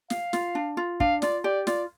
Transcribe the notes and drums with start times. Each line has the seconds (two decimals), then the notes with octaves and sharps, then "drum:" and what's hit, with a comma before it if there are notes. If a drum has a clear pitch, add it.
0.10 F5, drum: snare
0.33 F4, drum: snare
0.55 D4
0.77 F4
1.00 D4 F5, drum: kick
1.22 F4 D5, drum: snare
1.44 G4 D5
1.67 F4 D5, drum: snare